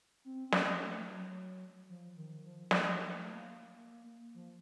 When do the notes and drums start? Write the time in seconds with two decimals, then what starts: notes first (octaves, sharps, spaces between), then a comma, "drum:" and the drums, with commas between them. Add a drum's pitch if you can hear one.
0.25 C4
0.49 C4
0.52 C#4, drum: snare
0.79 A3
1.06 F#3
1.89 F3
2.16 D#3
2.44 F3
2.71 F3, drum: snare
2.91 F#3
3.12 A3
3.32 A#3
4.34 F3